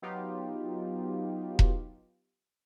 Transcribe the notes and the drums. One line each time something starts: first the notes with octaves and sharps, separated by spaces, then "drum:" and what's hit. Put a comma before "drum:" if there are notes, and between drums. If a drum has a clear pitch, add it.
F#3 B3 D#4 F4 G4
drum: kick E1